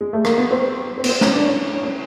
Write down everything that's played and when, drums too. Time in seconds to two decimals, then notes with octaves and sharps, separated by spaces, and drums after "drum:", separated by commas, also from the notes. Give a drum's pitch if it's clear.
0.01 G#3
0.13 A3
0.25 A#3, drum: rim click
0.38 B3
0.51 C4
0.98 C4
1.04 B3, drum: cymbal
1.09 C4
1.21 C#4, drum: snare
1.33 D4
1.46 C#4
1.83 C#4